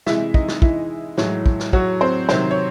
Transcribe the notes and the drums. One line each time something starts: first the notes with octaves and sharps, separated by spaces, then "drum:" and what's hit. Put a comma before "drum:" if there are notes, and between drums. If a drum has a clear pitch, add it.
C3 E3 G#3 E4 E5, drum: snare
D#4 D#5, drum: kick
drum: snare
E3 E4, drum: kick
A2 E3 F#3 G#3 F#4, drum: snare
drum: kick
drum: snare
F#3 F#4, drum: kick
C4 C5
C3 D#3 F#3 C4 C5, drum: snare
C#5